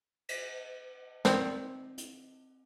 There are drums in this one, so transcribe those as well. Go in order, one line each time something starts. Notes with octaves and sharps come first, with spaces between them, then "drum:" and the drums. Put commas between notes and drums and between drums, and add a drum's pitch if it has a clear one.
drum: cymbal
D#3 C4 C5 D5, drum: snare
drum: hi-hat